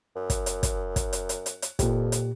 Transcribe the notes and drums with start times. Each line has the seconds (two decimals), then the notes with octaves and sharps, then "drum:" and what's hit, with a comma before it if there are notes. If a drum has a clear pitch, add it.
0.16 F#2
0.30 drum: kick, hi-hat
0.46 drum: hi-hat
0.63 drum: kick, hi-hat
0.96 drum: kick, hi-hat
1.13 drum: hi-hat
1.29 drum: hi-hat
1.46 drum: hi-hat
1.62 drum: hi-hat
1.79 F2 A#2 G4, drum: kick, hi-hat
2.12 drum: hi-hat